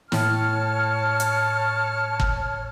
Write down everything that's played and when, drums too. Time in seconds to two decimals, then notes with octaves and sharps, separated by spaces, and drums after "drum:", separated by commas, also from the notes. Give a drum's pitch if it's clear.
0.12 A2 C#5 A5 F6, drum: snare
1.20 drum: hi-hat
2.20 drum: kick G1